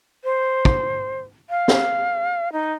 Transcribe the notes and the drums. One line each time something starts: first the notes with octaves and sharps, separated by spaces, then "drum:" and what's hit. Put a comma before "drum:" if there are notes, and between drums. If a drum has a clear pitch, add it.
C5
drum: kick
F5
drum: snare
D#4